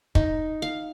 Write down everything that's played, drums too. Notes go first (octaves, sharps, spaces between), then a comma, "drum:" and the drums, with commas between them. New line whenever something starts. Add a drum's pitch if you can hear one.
D#4, drum: kick
F5